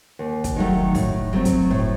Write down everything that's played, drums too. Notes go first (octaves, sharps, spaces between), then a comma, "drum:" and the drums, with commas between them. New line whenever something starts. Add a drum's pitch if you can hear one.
D#2
drum: kick, hi-hat
D#3 F#3 A3
A2, drum: kick, open hi-hat
F#3 A3 C4
drum: kick, hi-hat
A2